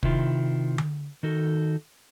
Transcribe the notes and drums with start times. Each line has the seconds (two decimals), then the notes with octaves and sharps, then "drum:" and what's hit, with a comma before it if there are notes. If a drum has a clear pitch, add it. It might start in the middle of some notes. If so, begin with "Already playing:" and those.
0.03 C3 D#3 E4 F4, drum: kick
0.78 drum: tom D3
1.23 D#3 D#4 F#4 A4